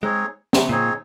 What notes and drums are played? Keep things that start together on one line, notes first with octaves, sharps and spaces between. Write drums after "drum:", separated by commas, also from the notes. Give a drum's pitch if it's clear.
G#3 C4 D#4 G#4 C#5
drum: snare
A#2 C4 D#4 G#4 C#5